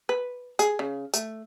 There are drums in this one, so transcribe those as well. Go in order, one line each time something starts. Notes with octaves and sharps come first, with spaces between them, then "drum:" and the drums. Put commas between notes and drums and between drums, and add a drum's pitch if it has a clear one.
B4
G#4, drum: tambourine
C#3
A3, drum: tambourine